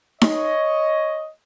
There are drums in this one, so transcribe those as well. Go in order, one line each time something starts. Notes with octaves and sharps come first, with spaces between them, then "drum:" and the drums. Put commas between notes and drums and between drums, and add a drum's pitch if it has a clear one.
C#5 D#5, drum: snare D#4